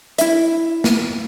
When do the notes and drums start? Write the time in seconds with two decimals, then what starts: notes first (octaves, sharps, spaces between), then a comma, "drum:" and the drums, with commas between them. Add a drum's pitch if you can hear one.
0.18 E4 E5, drum: hi-hat
0.84 drum: snare